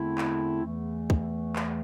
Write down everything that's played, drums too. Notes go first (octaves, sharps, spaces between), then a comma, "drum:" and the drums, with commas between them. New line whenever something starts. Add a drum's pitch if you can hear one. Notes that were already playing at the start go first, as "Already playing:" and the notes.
Already playing: E2 D3 A3 C4 E4
drum: clap
E2 E3 A3
drum: kick
drum: clap